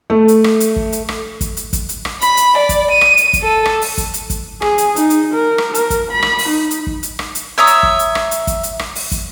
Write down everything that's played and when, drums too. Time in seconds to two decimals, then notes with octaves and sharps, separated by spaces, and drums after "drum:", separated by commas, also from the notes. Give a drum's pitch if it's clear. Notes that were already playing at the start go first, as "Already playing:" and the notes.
0.10 A3
0.28 drum: hi-hat
0.44 drum: rim click
0.60 drum: hi-hat
0.76 drum: kick
0.92 drum: hi-hat
1.09 drum: rim click
1.41 drum: kick, hi-hat
1.57 drum: hi-hat
1.73 drum: kick, hi-hat
1.89 drum: hi-hat
2.05 drum: rim click
2.21 B5, drum: hi-hat
2.37 drum: hi-hat
2.58 D5
2.69 drum: kick, hi-hat
2.91 D#7
3.01 drum: rim click
3.17 drum: hi-hat
3.33 drum: kick, hi-hat
3.43 A4
3.65 drum: rim click
3.82 drum: open hi-hat
3.98 drum: kick, hi-hat
4.14 drum: hi-hat
4.30 drum: kick, hi-hat
4.62 G#4, drum: rim click
4.78 drum: hi-hat
4.96 D#4, drum: hi-hat
5.10 drum: hi-hat
5.34 A#4
5.58 drum: rim click
5.75 A#4, drum: hi-hat
5.90 drum: kick, hi-hat
6.11 B5
6.22 drum: rim click
6.39 drum: open hi-hat
6.49 D#4
6.71 drum: hi-hat
6.87 drum: kick
7.03 drum: hi-hat
7.19 drum: rim click
7.35 drum: hi-hat
7.58 C#5 E5 A#5 D#6
7.67 drum: hi-hat
7.83 drum: kick
7.99 drum: hi-hat
8.15 drum: rim click
8.31 drum: hi-hat
8.47 drum: kick, hi-hat
8.63 drum: hi-hat
8.79 drum: rim click
8.95 drum: open hi-hat
9.12 drum: kick, hi-hat